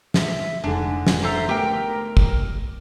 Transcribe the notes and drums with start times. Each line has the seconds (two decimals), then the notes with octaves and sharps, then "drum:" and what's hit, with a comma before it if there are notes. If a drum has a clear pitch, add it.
0.14 E5, drum: snare
0.64 F1 G#2 D3 D4 G#5
1.07 drum: snare
1.23 A4 C5 E5 A#5
1.49 A3 B3 G4 A#4 G5
2.17 drum: kick